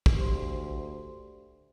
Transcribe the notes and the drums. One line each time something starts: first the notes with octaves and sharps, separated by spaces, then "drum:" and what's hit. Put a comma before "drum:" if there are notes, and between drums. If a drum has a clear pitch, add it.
drum: kick
D2 G4 C5 C6